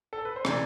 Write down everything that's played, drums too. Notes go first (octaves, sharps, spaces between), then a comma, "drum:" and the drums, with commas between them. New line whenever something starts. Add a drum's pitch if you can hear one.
A4
B4
C5
C3 E3 D5, drum: rim click